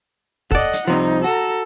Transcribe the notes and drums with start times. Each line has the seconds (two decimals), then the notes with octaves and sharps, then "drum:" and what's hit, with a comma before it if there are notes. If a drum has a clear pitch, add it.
0.51 A4 D5 D#5 F#5, drum: kick
0.73 drum: hi-hat
0.88 C2 C3 F3 D#4
1.24 F#4 A4 A#5